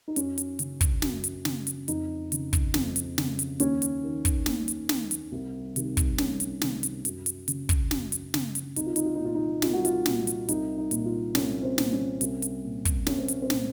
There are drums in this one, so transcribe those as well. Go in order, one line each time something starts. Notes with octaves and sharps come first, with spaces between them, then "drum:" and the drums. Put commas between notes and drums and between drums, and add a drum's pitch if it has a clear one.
D#4
F#2 C#4, drum: hi-hat
drum: hi-hat
C#3, drum: hi-hat
drum: kick, hi-hat
F#2, drum: snare
drum: hi-hat
C#3, drum: snare
drum: hi-hat
F2 D#4, drum: hi-hat
C#3, drum: hi-hat
drum: kick, hi-hat
F2, drum: snare
drum: hi-hat
C#3, drum: snare
drum: hi-hat
D#2 C#4, drum: hi-hat
drum: hi-hat
D#3
drum: kick, hi-hat
D#2, drum: snare
drum: hi-hat
D#3, drum: snare
drum: hi-hat
C2
C3 D#3, drum: hi-hat
drum: kick, hi-hat
C2 C#4, drum: snare
drum: hi-hat
C3 D#3, drum: snare
drum: hi-hat
F#2, drum: hi-hat
drum: hi-hat
C#3, drum: hi-hat
drum: kick, hi-hat
F#2, drum: snare
drum: hi-hat
C#3, drum: snare
drum: hi-hat
C2 D#4, drum: hi-hat
F4
D#4, drum: hi-hat
F4
A#2 D#4
F4
D#4
C2 F4, drum: snare
F#4
F4, drum: hi-hat
A#2, drum: snare
drum: hi-hat
C2 D#4, drum: hi-hat
D#4
A#2, drum: hi-hat
F4
C2 C#4, drum: snare
C4
A#2, drum: snare
C#4
C2, drum: hi-hat
drum: hi-hat
A#2
drum: kick, hi-hat
C2 C#4, drum: snare
C4
drum: hi-hat
C4
A#2, drum: snare